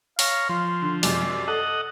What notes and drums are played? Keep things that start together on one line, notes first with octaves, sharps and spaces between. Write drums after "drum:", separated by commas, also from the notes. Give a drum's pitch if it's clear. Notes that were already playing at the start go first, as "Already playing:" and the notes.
C#5 F5 A#5, drum: open hi-hat
F3 C6
D3
F#2 C3 G#3 D5, drum: open hi-hat
A4 D#5 F#5